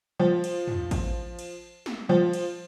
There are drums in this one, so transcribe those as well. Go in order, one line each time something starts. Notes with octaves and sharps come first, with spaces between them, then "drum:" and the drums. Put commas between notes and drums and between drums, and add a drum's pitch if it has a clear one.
F3
drum: cymbal
drum: tom
drum: kick, cymbal
drum: cymbal
drum: snare
F3
drum: cymbal